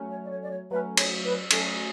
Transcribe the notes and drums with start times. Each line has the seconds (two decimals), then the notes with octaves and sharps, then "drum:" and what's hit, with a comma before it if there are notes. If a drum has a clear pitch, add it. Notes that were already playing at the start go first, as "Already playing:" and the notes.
Already playing: F#3 A3 C#4
0.10 C#5
0.25 D5
0.30 C#5
0.43 D5
0.51 C#5
0.71 F#3 A3 C#4 B4
0.97 C#5, drum: cymbal
1.25 B4
1.51 F#3 A3 C#4 A4, drum: cymbal